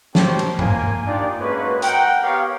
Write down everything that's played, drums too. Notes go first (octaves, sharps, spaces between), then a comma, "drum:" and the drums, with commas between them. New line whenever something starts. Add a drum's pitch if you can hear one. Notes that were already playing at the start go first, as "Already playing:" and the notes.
A#3 C4 G4 C5 C#5 A5, drum: snare
drum: cymbal
A#3 G#5, drum: tom G2
D4 D#4 F4 G4 D5
G#3 A#3 C#4 F#4 B4
A#4 F#5 G5, drum: hi-hat
B3 G4 A#4 C#5 F5